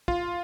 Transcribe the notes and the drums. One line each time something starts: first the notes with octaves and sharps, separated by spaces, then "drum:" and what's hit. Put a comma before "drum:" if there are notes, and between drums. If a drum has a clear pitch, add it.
F4, drum: kick